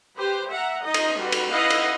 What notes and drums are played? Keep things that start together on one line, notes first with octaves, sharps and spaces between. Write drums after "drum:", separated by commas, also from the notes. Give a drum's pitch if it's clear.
G4 B4 C5
E5 F#5 A#5
D#4 D#5
drum: cymbal
G3 F#4 B4
drum: cymbal
E4 B4 D#5 F5 F#5
drum: cymbal